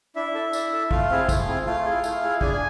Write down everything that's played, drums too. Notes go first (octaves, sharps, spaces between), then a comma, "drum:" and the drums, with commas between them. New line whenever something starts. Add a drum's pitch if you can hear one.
D4 E4 E5
A4
D4, drum: tambourine
A4
A3 F4 F5, drum: kick
C4 E4 G#4
A3, drum: kick, tambourine
C4 E4 G#4
A3 F4 F5
E4 G#4
A3, drum: tambourine
E4 G#4
D4 G#4 G#5, drum: kick